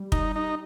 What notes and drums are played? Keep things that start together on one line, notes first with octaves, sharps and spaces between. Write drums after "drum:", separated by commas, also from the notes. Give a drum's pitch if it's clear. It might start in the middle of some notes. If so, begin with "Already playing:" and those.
Already playing: G3
D#4, drum: kick
D#4